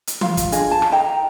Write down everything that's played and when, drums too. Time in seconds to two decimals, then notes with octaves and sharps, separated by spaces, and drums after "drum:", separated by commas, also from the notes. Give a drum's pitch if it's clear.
0.07 drum: hi-hat
0.21 F4 F5, drum: tom E3
0.37 drum: kick, hi-hat
0.52 D4 F4 G#4 D#5, drum: hi-hat
0.71 A5
0.82 drum: rim click
0.92 E4 D#5 G5 A#5